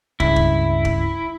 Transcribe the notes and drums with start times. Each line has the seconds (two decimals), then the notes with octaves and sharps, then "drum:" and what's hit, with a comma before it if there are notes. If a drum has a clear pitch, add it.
0.20 C#2 G2 C#3 E4, drum: kick
0.36 drum: kick
0.85 drum: kick